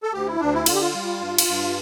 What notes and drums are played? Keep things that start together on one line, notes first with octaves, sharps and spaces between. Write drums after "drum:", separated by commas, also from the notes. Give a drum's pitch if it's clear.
A4
D2 G4
E4
D2 D4
E4
D3 F4, drum: cymbal
G4
F4
G3
G2
drum: cymbal
G2